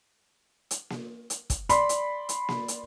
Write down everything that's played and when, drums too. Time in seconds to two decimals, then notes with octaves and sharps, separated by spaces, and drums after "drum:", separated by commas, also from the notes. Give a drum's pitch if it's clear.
0.71 drum: hi-hat
0.90 drum: snare A#3
1.30 drum: hi-hat
1.50 drum: kick, hi-hat
1.69 D5 B5 C6, drum: hi-hat
1.89 drum: hi-hat
2.29 drum: hi-hat
2.49 drum: snare A#3
2.68 drum: hi-hat